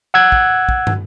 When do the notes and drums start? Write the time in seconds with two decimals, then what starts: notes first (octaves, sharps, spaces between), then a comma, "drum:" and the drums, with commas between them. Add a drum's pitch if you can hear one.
0.14 F#5 E6 F#6 G#6
0.32 drum: kick
0.69 drum: kick
0.87 drum: tom